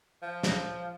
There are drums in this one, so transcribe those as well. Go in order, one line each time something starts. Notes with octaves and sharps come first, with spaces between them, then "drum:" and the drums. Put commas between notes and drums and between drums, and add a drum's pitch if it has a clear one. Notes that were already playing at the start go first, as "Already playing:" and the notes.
F3
drum: snare